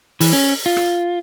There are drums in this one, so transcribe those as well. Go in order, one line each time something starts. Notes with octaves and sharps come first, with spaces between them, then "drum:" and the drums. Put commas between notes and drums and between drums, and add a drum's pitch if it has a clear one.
E3, drum: open hi-hat
C#4
F4
drum: rim click